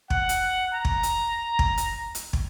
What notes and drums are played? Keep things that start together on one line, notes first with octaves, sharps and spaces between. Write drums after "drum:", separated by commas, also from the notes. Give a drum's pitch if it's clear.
F#5, drum: kick
drum: hi-hat
A#5
drum: kick
drum: hi-hat
drum: kick
drum: hi-hat
drum: hi-hat
drum: kick